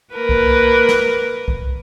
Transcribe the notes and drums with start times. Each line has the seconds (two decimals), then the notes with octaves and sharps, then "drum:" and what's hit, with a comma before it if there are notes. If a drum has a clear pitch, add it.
0.14 A#3 A#4 B4
0.29 drum: kick B1
0.89 drum: snare
1.48 drum: kick B1